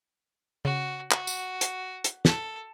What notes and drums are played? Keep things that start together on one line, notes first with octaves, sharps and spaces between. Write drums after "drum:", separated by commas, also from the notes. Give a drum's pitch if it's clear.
C#3 F#4
F#4, drum: clap
drum: tambourine
drum: hi-hat
drum: hi-hat
A4, drum: snare